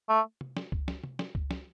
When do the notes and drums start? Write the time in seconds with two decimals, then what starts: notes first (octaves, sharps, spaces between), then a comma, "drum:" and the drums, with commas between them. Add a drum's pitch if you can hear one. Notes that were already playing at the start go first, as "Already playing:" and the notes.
0.09 A3
0.41 drum: tom C3
0.57 drum: snare
0.72 drum: kick C#2
0.88 drum: snare
1.04 drum: tom C3
1.19 drum: snare
1.35 drum: kick C#2
1.51 drum: snare